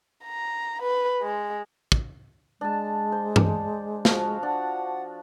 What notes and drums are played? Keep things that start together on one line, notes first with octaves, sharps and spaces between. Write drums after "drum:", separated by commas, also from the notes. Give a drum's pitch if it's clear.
A#5
B4
G#3
drum: kick
G#3 D4 A5
C5
drum: tom
F3 F#4 F5, drum: snare
D4 F#5